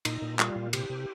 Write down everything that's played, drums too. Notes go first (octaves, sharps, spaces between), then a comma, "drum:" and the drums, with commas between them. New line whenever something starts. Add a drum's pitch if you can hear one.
A#2 D#4, drum: cymbal
A#2
G3 F4, drum: clap
A#2
C3 G4, drum: cymbal
C3